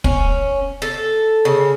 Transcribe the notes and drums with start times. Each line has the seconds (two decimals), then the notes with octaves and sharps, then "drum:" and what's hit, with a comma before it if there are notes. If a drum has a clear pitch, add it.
0.04 C#4, drum: kick
0.82 A4
1.45 C#3